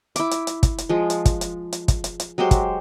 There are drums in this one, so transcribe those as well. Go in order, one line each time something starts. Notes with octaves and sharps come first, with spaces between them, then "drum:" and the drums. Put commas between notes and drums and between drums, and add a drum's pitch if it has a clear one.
E4 D6, drum: hi-hat
drum: hi-hat
drum: hi-hat
drum: kick, hi-hat
drum: hi-hat
F3 G#3
drum: hi-hat
drum: kick, hi-hat
drum: hi-hat
drum: hi-hat
drum: kick, hi-hat
drum: hi-hat
drum: hi-hat
F#3 G#3 G4 C5
drum: kick, hi-hat